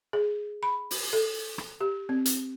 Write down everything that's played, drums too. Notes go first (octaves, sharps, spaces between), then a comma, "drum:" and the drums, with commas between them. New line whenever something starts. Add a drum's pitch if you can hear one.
G#4
B5
drum: open hi-hat
A4
drum: rim click
G4
C4
drum: hi-hat